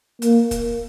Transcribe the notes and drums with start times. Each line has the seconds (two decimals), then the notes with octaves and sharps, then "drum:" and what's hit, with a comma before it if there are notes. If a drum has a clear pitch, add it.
0.22 A#3, drum: hi-hat
0.51 drum: kick, hi-hat